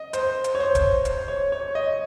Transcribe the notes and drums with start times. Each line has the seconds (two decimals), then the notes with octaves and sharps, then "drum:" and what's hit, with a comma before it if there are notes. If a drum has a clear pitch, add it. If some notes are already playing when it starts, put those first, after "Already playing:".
Already playing: D#5
0.13 C5, drum: hi-hat
0.44 drum: hi-hat
0.55 C#5
0.60 C5
0.75 drum: kick D1, hi-hat
1.05 C5, drum: hi-hat
1.28 C#5
1.52 C#5
1.75 D#5